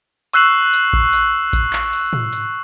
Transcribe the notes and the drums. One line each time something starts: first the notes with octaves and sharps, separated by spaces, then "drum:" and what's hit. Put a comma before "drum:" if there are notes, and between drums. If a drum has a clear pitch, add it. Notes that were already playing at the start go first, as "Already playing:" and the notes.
C#6 E6 F#6 C7 E7 F#7, drum: hi-hat
drum: hi-hat
drum: kick A1
drum: hi-hat
drum: kick A1, hi-hat
drum: clap
drum: open hi-hat
drum: tom
drum: hi-hat